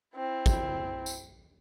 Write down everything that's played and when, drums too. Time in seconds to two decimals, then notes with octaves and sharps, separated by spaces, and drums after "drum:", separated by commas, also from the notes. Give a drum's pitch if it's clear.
0.16 C4 E4
0.46 drum: kick, tambourine
1.06 drum: tambourine